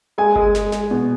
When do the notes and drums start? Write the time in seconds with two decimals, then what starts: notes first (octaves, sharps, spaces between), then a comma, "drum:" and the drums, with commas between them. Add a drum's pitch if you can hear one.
0.18 G#3 G#5
0.35 G#3, drum: kick G1
0.55 G#3, drum: snare
0.72 G#3, drum: snare
0.91 B2